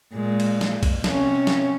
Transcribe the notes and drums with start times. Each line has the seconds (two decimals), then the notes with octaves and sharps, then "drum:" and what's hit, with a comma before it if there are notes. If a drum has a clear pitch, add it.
0.14 A#2 G#3
0.40 drum: cymbal
0.61 drum: snare
0.83 drum: kick B1, cymbal
1.04 C3 C#4, drum: snare
1.47 drum: snare